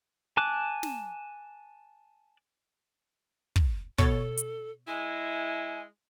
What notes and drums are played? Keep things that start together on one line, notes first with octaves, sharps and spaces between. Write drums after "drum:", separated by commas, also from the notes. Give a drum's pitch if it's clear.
G#5 A5 D6 F#6
drum: snare
drum: kick
B2 A4 C#5 A6, drum: kick
drum: hi-hat
G#3 E4 G#5